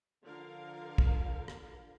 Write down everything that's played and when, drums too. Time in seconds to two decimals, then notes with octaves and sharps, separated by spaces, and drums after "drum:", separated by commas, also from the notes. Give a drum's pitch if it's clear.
0.24 D3 F3 A#4 F5
0.98 drum: kick
1.48 drum: rim click